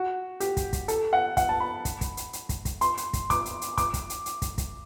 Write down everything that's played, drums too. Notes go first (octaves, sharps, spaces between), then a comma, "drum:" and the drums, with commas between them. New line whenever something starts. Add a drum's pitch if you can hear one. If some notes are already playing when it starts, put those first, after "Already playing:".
Already playing: F#4
G4, drum: hi-hat
drum: kick, hi-hat
drum: kick, hi-hat
A4, drum: hi-hat
F#5
F#5, drum: kick, hi-hat
A5
B5
drum: kick, hi-hat
drum: kick, hi-hat
drum: hi-hat
drum: hi-hat
drum: kick, hi-hat
drum: kick, hi-hat
C6, drum: hi-hat
drum: hi-hat
drum: kick, hi-hat
D6, drum: kick, hi-hat
drum: hi-hat
drum: hi-hat
D6, drum: kick, hi-hat
drum: kick, hi-hat
drum: hi-hat
drum: hi-hat
drum: kick, hi-hat
drum: kick, hi-hat